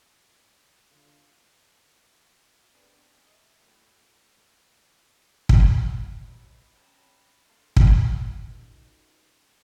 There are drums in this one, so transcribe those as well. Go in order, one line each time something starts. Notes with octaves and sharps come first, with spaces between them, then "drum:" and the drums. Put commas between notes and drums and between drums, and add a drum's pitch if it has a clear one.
D3 F4
B3 C4 D4 G#4
D#5 E5
F#2 A2
drum: kick
G#1 F#3 B3 D#4 B5
C4 C#4 G5 A5 A#5
A3 D4 A4 C5 F5
drum: kick
C#4 D#4 F4 F#4 A4 B4